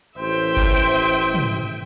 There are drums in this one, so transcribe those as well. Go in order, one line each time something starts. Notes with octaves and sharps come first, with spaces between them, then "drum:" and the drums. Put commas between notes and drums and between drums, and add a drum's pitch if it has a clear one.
A1 C5 E5 G5
drum: kick G1
drum: tom